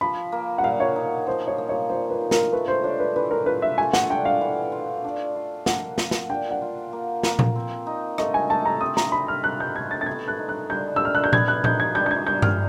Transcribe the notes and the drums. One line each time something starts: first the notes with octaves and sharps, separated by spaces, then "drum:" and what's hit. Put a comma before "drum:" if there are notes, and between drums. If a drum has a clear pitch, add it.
F3 B5
A#3
F#5
A#2 F5
C#5
D#4
F3 C5
C#5
A#3
C#5
A#2 C5
B4
D#4
A#4, drum: snare
A3 B4
C5
D4 C#5
B4
E3 B4
A#4
F4 B4
E5
A3 G#5
F#5, drum: snare
D4 G5
F5
E3
F4
D4
F4
A#3 F#5, drum: snare
A#3, drum: snare
drum: snare
D4 G5
F#5
F4
A#3
A#3, drum: snare
drum: tom A#2
C4
D#4
A3 D#5, drum: rim click
G#5
A3 A5
A#5
C4 D#6
A#5, drum: snare
D#4 B5
F6
A3 F#6
G6
A3 G#6
A6
A6
B3 G#6
F#6
D#4
F#6
G3 G6
E6
G3 F6
F#6
G6
B3 G#6, drum: tom A#2
F#6
D#4 G6, drum: tom A#2
G#6
G3 G6
G6
G#6
G3 G6
F6, drum: tom G2